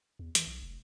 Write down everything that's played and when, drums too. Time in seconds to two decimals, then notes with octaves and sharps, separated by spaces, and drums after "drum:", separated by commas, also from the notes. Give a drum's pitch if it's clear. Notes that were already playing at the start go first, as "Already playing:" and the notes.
0.19 E2
0.35 E3, drum: hi-hat
0.47 B1
0.62 F1